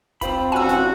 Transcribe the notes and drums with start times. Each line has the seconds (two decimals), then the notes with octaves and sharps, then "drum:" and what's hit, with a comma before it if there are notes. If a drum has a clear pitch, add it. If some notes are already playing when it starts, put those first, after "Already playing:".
0.21 G3 C4 F4 C5 B5, drum: kick E1, hi-hat
0.52 A1 G2 F#4 G#5 E6
0.69 drum: snare